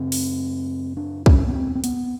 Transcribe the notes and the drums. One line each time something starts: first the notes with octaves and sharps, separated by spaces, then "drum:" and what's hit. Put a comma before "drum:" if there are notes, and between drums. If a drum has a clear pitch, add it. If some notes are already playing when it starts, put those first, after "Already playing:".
Already playing: F#2 C#3 C4
drum: open hi-hat
D4
C#4, drum: kick
B3
C4
C4
B3, drum: hi-hat